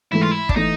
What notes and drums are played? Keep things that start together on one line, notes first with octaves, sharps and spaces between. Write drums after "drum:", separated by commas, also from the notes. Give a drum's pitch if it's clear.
G#2 E3 A3 E4
F4
E4
D4, drum: kick
E3 A3 D#4